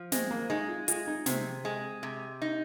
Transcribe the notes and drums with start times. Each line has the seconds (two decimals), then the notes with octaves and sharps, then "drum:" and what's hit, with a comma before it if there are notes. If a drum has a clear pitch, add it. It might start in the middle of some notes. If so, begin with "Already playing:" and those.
Already playing: F3
0.12 G#3 C4, drum: snare
0.31 A#3
0.50 G#3 D#4
0.68 F4
0.88 G#3 F4, drum: hi-hat
1.07 D#4
1.26 C3 C4, drum: snare
1.65 G#3
2.03 C3
2.42 D#4